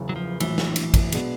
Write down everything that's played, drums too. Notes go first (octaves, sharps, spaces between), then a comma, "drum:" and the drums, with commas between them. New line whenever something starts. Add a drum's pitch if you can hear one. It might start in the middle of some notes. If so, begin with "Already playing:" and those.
Already playing: F#1 E2 C#3
F#3
F3
A#1 A2 E3 F#3, drum: cymbal
drum: snare
drum: cymbal
drum: kick, cymbal
B2 G#3 B3 D4, drum: cymbal